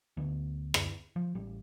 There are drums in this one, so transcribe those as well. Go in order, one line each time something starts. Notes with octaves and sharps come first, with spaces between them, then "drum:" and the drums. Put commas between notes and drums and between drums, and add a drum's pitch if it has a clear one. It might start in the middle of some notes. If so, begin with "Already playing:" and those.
D2 D3 B3
drum: rim click
F3
A1 G3